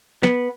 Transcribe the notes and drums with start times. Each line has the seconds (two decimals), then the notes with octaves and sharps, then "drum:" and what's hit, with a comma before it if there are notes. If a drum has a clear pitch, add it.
0.23 B3, drum: snare